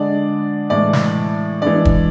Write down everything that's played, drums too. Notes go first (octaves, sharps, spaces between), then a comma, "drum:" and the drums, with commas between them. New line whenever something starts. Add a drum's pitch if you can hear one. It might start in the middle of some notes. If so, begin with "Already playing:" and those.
Already playing: D3 G#3 D4 D5
A2 E3 G#3 D5
drum: snare
E3 G#3 D4 D5
drum: kick